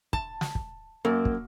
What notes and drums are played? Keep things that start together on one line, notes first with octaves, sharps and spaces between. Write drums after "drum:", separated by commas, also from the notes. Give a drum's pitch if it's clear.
A5, drum: kick
drum: snare
drum: kick
F#2 A#3
drum: kick